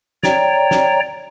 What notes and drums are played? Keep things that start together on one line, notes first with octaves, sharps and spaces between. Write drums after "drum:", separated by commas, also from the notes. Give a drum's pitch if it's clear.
C#5 D5 G5 A#5, drum: snare
drum: snare